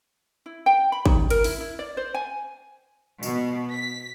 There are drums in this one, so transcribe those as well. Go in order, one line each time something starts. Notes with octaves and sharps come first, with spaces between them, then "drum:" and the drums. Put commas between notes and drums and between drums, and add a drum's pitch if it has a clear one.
E4
G5
B5
D#4, drum: kick
A#4, drum: cymbal
E4, drum: open hi-hat
E4
D5
C5
G#5
B2, drum: tambourine
B6